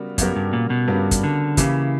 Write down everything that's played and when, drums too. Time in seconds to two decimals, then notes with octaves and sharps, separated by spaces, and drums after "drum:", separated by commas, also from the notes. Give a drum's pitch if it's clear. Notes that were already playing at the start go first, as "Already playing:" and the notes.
Already playing: C#3 G3 B3 F#4 A#4
0.18 F#2 C#3 G3 B3 F#4 A#4, drum: kick, hi-hat
0.36 G2
0.53 A#2
0.70 B2
0.88 G2 C#3 G3 B3 F#4 A#4
1.11 drum: kick, hi-hat
1.23 D3
1.57 C#3 E3 A#3 E4 G4, drum: kick, hi-hat